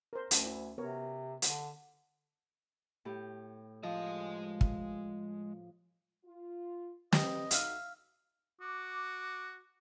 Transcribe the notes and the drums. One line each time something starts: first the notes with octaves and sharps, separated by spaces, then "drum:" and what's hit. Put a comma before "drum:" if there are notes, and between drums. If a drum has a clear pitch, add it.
A#4 C5
D2 C#4 A5, drum: hi-hat
E4
C3 B3 A#4 C#5
D3, drum: hi-hat
A2 G4
F3 G#3 D#5
drum: kick
F4
G2 C#4 G4 B4 D#5, drum: snare
A3 D#4 F#4 E5 F5, drum: hi-hat
F#4 D6